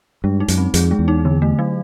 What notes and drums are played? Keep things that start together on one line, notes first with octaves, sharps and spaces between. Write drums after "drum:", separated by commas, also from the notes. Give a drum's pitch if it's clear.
G2 G#3
D#4
F#2, drum: hi-hat
C4
F2 G#4, drum: hi-hat
G#3
E2
D#4
D3
A3
F#3